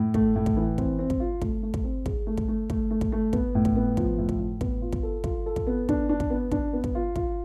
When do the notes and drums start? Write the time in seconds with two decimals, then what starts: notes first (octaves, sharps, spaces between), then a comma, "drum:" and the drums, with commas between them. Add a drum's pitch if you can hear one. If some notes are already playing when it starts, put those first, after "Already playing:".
Already playing: A2
0.14 A3, drum: kick
0.36 A2
0.46 drum: kick
0.57 E3
0.78 C4, drum: kick
0.99 C4
1.10 drum: kick
1.20 F4
1.42 A3, drum: kick
1.63 A3
1.74 drum: kick
1.84 C4
2.06 G#4, drum: kick
2.27 A3
2.37 drum: kick
2.48 A3
2.70 A3, drum: kick
2.91 A3
3.01 drum: kick
3.12 A3
3.33 B3, drum: kick
3.55 A2
3.65 drum: kick
3.76 B3
3.97 F3, drum: kick
4.18 A2
4.29 drum: kick
4.39 A2
4.61 B3, drum: kick
4.82 F4
4.93 drum: kick
5.03 A4
5.24 F4, drum: kick
5.46 A4
5.56 drum: kick
5.67 B3
5.89 D4, drum: kick
6.09 D4
6.20 drum: kick
6.30 B3
6.52 D4, drum: kick
6.73 B3
6.84 drum: kick
6.95 F4
7.16 F4, drum: kick